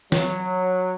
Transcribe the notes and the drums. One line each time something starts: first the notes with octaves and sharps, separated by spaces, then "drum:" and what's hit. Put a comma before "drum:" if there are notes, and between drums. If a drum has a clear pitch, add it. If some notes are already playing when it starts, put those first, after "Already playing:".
F#3, drum: snare